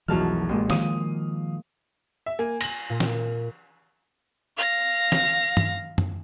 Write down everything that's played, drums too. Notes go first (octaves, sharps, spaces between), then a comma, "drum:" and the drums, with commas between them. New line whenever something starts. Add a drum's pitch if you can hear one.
E1 B1 F#2 E3 F3 E4 A5 F6
A1 A#2 G#3
D#3 F3 F5 D#6 D#7, drum: snare
E5
A#3 G#5
A#6 F#7, drum: cymbal
A#2
drum: snare
F5 A#6
drum: snare
drum: tom G2
drum: tom F#2